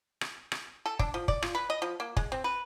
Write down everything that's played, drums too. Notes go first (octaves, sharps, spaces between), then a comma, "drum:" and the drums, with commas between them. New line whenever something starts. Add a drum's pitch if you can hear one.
drum: rim click
drum: rim click
A4
D4, drum: kick
F3
D5, drum: kick
F4, drum: rim click
B4
D#5
F3
A#3
G#3, drum: kick
C4
B4